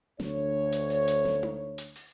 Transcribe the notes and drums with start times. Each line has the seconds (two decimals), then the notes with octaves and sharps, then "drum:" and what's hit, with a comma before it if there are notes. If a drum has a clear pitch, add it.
0.20 D2 C#5, drum: snare
0.72 drum: hi-hat
0.90 drum: open hi-hat
1.08 drum: hi-hat
1.25 drum: snare
1.43 drum: tom D#4
1.78 drum: hi-hat
1.96 drum: open hi-hat